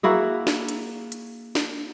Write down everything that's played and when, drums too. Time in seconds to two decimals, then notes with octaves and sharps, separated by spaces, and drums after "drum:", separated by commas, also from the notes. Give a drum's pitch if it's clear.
0.03 A#3 E4 F#4 G#4
0.47 drum: snare
0.68 drum: hi-hat
1.12 drum: hi-hat
1.55 drum: snare